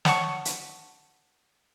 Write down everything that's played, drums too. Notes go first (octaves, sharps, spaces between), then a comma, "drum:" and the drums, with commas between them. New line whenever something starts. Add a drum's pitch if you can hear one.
C#5 F#5 A5 C#6, drum: snare
drum: hi-hat